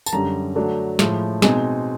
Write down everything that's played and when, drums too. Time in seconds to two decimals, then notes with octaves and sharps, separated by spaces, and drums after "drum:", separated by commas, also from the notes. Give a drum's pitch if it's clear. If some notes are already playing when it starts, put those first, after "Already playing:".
0.06 A5, drum: tambourine
0.13 F#2 D3 G3 A#5
0.56 D3 F#3 A3 D4
0.99 A2 F3 G#3, drum: snare
1.42 B2 G#3 C4 D#4 G#5, drum: snare